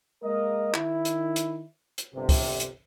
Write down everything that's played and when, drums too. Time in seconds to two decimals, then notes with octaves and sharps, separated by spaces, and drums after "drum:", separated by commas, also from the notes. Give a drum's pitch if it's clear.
0.23 G#3 A#3 A#4 D#5
0.74 D#3 E4, drum: clap
1.05 drum: hi-hat
1.36 drum: hi-hat
1.98 drum: hi-hat
2.14 G1 C3
2.29 drum: kick, open hi-hat
2.60 drum: hi-hat